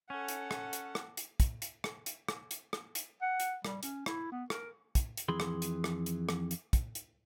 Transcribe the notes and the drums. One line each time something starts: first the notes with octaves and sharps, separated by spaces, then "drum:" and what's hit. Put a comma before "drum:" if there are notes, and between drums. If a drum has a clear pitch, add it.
C#4 A4 F#5
drum: hi-hat
drum: rim click
drum: hi-hat
drum: rim click
drum: hi-hat
drum: kick, hi-hat
drum: hi-hat
drum: rim click
drum: hi-hat
drum: rim click
drum: hi-hat
drum: rim click
drum: hi-hat
F#5
drum: hi-hat
G3, drum: rim click
C#4, drum: hi-hat
E4, drum: rim click
B3
A#4, drum: rim click
drum: kick, hi-hat
drum: hi-hat
F2 E3 G#4 B5 C6
drum: rim click
drum: hi-hat
drum: rim click
drum: hi-hat
drum: rim click
drum: hi-hat
drum: kick, hi-hat
drum: hi-hat